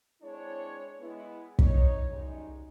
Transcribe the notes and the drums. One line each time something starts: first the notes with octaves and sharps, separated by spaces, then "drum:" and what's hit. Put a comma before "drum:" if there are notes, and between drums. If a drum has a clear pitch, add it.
G#3 C4 D4 E4 C#5
G#3 B3 E4
D#4 C#5, drum: kick
F#2 G3 G#3 D#4